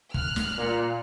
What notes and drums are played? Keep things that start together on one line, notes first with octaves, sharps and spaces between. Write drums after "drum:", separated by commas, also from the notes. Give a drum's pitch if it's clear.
F6 F#6, drum: kick
drum: snare
A#2